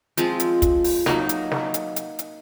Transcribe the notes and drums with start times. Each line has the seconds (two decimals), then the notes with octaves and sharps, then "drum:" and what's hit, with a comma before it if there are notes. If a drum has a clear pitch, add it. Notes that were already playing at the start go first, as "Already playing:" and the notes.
0.17 F3 G#3 C4 F4, drum: hi-hat
0.40 drum: hi-hat
0.62 drum: kick, hi-hat
0.84 drum: open hi-hat
1.06 F#3 A#3 D#4, drum: snare
1.29 drum: hi-hat
1.52 drum: snare
1.74 drum: hi-hat
1.96 drum: hi-hat
2.19 drum: hi-hat